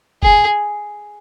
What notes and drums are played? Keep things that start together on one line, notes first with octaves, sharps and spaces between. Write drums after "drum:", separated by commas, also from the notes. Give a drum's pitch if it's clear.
G#4, drum: kick F#1